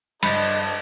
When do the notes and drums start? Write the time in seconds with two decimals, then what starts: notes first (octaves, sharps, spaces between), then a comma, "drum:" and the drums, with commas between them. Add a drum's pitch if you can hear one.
0.23 G2 D4 C5 D#5 A5 B5 C#7, drum: cymbal